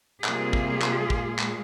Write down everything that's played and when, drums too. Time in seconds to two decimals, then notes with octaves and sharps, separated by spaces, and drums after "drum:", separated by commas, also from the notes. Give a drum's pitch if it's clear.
0.24 C3 G3 A#3 F4 G#4, drum: clap
0.53 drum: kick
0.82 drum: clap
1.10 A#2 G#3, drum: kick
1.39 drum: clap